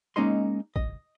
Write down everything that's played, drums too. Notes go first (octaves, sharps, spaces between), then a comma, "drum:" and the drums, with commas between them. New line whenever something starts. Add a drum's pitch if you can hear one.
G#3 A#3 C#4 D#4 D#5 C6
D#5, drum: kick A1